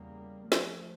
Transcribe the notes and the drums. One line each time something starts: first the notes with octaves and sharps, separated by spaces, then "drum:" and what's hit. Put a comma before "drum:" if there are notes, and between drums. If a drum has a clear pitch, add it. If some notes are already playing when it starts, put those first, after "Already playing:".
Already playing: E2 C#3 G3 A#3
F3 A3, drum: snare